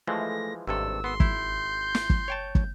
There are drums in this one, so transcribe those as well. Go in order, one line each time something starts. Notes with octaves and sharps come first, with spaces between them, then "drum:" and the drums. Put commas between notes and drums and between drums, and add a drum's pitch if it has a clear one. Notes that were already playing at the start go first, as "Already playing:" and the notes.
E3 F3 G#3 A3 A#6
G#1 G2 C3 A4 E6
B3 C6
E4 G6, drum: kick
drum: snare
drum: kick
C#5 G5 A5
drum: kick